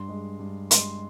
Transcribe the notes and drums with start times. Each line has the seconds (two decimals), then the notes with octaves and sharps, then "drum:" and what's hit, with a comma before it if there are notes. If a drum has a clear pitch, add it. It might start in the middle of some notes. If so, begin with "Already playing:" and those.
Already playing: G2 C6
0.08 G#3
0.39 G2
0.71 G#3 C6, drum: hi-hat